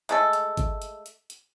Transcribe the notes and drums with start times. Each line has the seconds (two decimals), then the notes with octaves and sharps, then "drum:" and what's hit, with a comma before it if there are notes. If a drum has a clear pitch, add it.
0.09 G#3 A3 A4, drum: hi-hat
0.33 drum: hi-hat
0.57 drum: kick G#1, hi-hat
0.82 drum: hi-hat
1.06 drum: hi-hat
1.30 drum: hi-hat